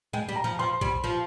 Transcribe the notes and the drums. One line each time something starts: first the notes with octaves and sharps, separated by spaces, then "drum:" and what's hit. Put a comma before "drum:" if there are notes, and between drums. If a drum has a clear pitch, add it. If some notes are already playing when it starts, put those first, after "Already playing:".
G#3 G5
G3
A#5
F3
F3 C6
G3, drum: kick A#1
F3